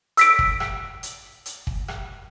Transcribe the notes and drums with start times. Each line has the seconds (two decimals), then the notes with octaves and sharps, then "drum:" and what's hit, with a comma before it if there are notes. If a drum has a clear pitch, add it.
0.17 E6 B6 D7, drum: hi-hat
0.39 drum: kick
0.60 drum: rim click
1.03 drum: hi-hat
1.46 drum: hi-hat
1.67 drum: kick
1.88 drum: rim click